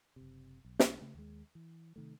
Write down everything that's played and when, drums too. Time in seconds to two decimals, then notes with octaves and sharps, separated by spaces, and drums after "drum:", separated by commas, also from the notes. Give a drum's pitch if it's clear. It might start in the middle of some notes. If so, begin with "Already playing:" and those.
0.16 F#1 C3
0.65 B1
0.79 drum: snare
1.00 C#3 A3 C#4
1.15 D#2 G#3
1.55 E3
1.96 C3 D#3 A3